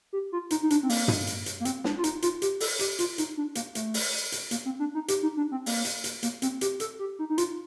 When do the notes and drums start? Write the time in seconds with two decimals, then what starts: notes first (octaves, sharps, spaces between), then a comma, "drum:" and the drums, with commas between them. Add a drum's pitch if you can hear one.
0.13 G4
0.32 F4
0.50 D#4, drum: hi-hat
0.63 D#4
0.70 D4, drum: hi-hat
0.83 C4
0.90 A#3, drum: open hi-hat
1.08 drum: tom
1.27 drum: hi-hat
1.46 drum: hi-hat
1.60 A#3
1.65 C4, drum: hi-hat
1.84 D4, drum: snare
1.98 F4
2.04 D#4, drum: hi-hat
2.22 F4, drum: hi-hat
2.42 G4, drum: hi-hat
2.60 A4, drum: open hi-hat
2.79 G4, drum: hi-hat
2.99 F4, drum: hi-hat
3.18 D#4, drum: hi-hat
3.37 D4
3.55 A#3, drum: hi-hat
3.75 A3, drum: hi-hat
3.94 drum: open hi-hat
4.32 drum: hi-hat
4.51 A#3, drum: hi-hat
4.65 C4
4.79 D4
4.95 D#4
5.08 G4, drum: hi-hat
5.23 D#4
5.37 D4
5.51 C4
5.66 A#3, drum: open hi-hat
5.85 drum: hi-hat
6.04 drum: hi-hat
6.23 A#3, drum: hi-hat
6.42 C4, drum: hi-hat
6.61 G4, drum: hi-hat
6.80 A4, drum: hi-hat
6.99 G4
7.19 D#4
7.30 D#4
7.38 F4, drum: hi-hat